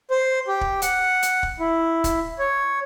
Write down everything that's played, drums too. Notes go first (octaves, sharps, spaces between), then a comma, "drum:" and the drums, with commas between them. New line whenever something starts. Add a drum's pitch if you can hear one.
C5
G4
drum: kick
F#5, drum: hi-hat
drum: hi-hat
drum: kick
E4
drum: kick, hi-hat
C#5